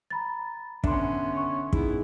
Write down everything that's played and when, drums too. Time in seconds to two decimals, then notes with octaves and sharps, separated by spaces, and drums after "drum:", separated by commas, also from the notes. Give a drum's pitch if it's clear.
0.10 A#5 B5 A6
0.84 D3 B3 C#4 D4 E5 C6, drum: kick
1.37 C#6
1.73 B3 D#4 E4 G#4, drum: kick